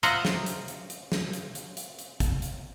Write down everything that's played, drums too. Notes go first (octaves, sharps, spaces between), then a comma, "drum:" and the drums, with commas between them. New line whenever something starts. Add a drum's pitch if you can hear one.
F4 C5 D#5 E5 F#5 A#5, drum: hi-hat
drum: snare
drum: hi-hat
drum: hi-hat
drum: hi-hat
drum: snare
drum: hi-hat
drum: hi-hat
drum: hi-hat
drum: hi-hat
drum: kick, hi-hat
drum: hi-hat